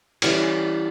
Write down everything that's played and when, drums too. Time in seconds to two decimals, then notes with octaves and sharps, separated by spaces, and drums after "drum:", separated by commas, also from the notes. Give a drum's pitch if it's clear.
0.22 E3 G3 C#4 A#4, drum: cymbal